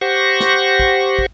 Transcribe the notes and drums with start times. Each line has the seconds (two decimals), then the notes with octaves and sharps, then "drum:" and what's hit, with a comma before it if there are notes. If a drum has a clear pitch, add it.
0.01 G4 C5 F#5 C#6 A#6
0.40 drum: snare
0.80 drum: kick
1.19 drum: kick